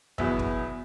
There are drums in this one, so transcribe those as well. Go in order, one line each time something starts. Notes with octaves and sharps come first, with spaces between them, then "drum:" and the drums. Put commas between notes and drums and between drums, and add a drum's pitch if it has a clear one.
E2 B2 F#3 B3 E5, drum: kick
drum: kick